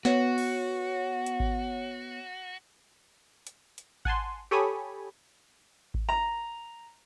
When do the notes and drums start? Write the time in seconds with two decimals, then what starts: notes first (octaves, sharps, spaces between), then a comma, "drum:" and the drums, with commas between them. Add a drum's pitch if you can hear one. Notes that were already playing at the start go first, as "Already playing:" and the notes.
0.05 B3 F#4 C#5, drum: snare
0.38 drum: cymbal
1.26 drum: hi-hat
1.40 drum: kick G#1
3.47 drum: hi-hat
3.78 drum: hi-hat
4.05 F#5 G#5 A5 C6, drum: kick G#1
4.51 G4 A4 C#5 G#5 B5 D#6
5.94 drum: kick G#1
6.09 A#5